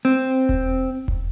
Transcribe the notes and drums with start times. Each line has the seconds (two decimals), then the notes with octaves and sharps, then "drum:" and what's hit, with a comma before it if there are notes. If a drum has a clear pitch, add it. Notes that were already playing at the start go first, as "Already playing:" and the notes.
0.05 C4
0.49 drum: kick E1
1.08 drum: kick E1